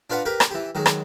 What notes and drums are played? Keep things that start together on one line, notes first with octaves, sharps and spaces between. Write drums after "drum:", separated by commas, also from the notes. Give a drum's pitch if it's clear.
D4 F4 B4 F#5 A#5
G4 A#4 B4
drum: rim click
E3 G4
D#3 F#3 G#3
drum: rim click